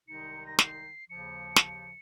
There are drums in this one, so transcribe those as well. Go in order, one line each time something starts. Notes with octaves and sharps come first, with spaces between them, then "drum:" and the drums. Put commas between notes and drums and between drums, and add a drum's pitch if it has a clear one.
C2 C3 D#3 G#3 D#4 C#7
A#6
C7, drum: snare
D#2 C#3 F3 C#7
drum: snare